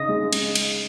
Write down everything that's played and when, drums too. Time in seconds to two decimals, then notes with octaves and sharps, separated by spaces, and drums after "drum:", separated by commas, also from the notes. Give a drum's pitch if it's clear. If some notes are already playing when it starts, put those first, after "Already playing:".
Already playing: C#3 D#4 D#5
0.09 G#3
0.33 G#3, drum: cymbal
0.55 drum: cymbal